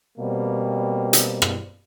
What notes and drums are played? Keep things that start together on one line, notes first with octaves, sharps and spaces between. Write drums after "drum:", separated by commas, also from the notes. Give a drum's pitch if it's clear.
B2 G3 A#3 C4
drum: hi-hat
drum: rim click